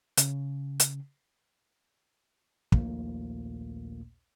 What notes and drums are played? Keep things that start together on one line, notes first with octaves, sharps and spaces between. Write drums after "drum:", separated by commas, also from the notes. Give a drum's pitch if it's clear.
C#3, drum: hi-hat
drum: hi-hat
A#1 D#2 A#2 A3 A#3, drum: kick